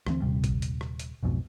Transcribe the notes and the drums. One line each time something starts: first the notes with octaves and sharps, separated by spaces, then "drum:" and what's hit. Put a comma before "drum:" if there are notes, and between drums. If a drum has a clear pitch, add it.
D2 E3 C4, drum: rim click
D#1 C3 G3
drum: kick, hi-hat
drum: hi-hat
drum: rim click
drum: hi-hat
B1 F2 G#2 B2